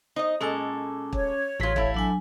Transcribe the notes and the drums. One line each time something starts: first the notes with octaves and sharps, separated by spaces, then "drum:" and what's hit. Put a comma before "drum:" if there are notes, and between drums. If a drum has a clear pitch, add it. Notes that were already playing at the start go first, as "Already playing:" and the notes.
D#4 C5 D#5
A#2 G#3 C#4 A4 D6
C#5, drum: kick
A1 F#3 F4 B6
A3 E4 F5, drum: kick
F#3 D4 G#5